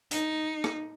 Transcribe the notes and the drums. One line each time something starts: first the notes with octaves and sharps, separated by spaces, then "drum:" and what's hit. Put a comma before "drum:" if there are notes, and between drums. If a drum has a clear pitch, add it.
D#4, drum: hi-hat
drum: rim click